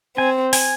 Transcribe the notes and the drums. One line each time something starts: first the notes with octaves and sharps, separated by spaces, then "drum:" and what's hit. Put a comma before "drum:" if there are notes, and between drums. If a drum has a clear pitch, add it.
C4 G#5
G#5, drum: open hi-hat